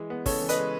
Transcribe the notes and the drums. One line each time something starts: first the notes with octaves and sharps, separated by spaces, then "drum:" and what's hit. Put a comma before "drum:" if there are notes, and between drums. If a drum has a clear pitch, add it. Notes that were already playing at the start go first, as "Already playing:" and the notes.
Already playing: E3 G#3
B3
C#3 A4 C#5, drum: kick, open hi-hat
E3
B4 D#5, drum: hi-hat
G#3